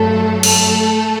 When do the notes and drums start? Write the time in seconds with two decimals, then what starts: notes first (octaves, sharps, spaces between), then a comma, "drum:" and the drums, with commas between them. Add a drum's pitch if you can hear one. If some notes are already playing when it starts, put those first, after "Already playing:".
Already playing: G2 F#3 A3 A4
0.43 A3 A4, drum: cymbal